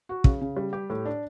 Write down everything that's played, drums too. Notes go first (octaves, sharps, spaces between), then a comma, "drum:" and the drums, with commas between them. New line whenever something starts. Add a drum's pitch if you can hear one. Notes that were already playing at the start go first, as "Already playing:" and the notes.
F#4
C#3, drum: kick
C#3
G3
G4
A2
D4